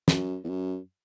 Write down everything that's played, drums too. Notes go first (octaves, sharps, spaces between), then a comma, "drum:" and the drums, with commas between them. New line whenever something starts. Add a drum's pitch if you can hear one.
F#2, drum: snare
E2
F#2